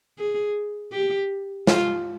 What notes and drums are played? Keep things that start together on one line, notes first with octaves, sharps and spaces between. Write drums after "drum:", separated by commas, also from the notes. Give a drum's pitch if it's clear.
G#4
G4
F4, drum: snare